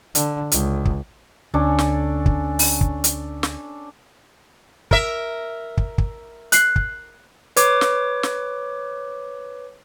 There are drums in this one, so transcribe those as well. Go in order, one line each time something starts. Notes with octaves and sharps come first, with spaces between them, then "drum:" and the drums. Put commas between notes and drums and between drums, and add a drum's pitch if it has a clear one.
D3, drum: hi-hat
C#2, drum: hi-hat
drum: kick
D2 C#4 D4 A4
drum: snare
drum: kick
drum: open hi-hat
drum: kick
drum: hi-hat
drum: snare
A#4 E5, drum: kick
drum: kick
drum: kick
F#6 C7, drum: hi-hat
drum: kick
B4 C#5 D6, drum: hi-hat
drum: snare
drum: snare